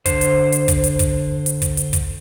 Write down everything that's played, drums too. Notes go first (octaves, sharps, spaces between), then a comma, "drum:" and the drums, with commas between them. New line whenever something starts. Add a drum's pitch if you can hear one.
D3 C5, drum: kick, hi-hat
drum: hi-hat
drum: hi-hat
drum: kick, hi-hat
drum: hi-hat
drum: kick, hi-hat
drum: hi-hat
drum: kick, hi-hat
drum: hi-hat
drum: kick, hi-hat